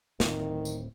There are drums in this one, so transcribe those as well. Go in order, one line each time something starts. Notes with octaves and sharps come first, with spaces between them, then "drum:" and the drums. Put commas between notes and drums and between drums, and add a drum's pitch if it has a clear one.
D1 A2 D#3 C4, drum: snare
drum: tambourine